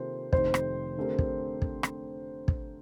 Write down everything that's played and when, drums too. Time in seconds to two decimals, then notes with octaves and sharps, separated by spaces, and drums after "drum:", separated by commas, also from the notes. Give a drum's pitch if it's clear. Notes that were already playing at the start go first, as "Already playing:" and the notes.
Already playing: C3 D#3 A#3 F4 A4 C5
0.33 F1 F2 D#3 A3 D#4 C5, drum: kick
0.54 drum: rim click
0.97 D3 A3 C4 G4 A#4
1.19 drum: kick
1.62 drum: kick
1.83 drum: rim click
2.48 drum: kick